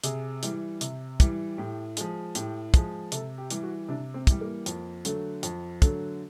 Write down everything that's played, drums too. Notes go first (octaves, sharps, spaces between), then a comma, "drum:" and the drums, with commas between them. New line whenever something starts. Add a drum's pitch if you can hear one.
C3 G#4, drum: hi-hat
E3 G3, drum: hi-hat
C3, drum: hi-hat
E3 G3, drum: kick, hi-hat
A2 G4
F3 G#3, drum: hi-hat
A2 G4, drum: hi-hat
F3 G#3, drum: kick, hi-hat
C3 A4, drum: hi-hat
G4
E3 G3, drum: hi-hat
F#4
C3 D4
C4
E3 G3, drum: kick, hi-hat
A#3
F2, drum: hi-hat
D3 F#3 A3, drum: hi-hat
F2, drum: hi-hat
D3 F#3 A3, drum: kick, hi-hat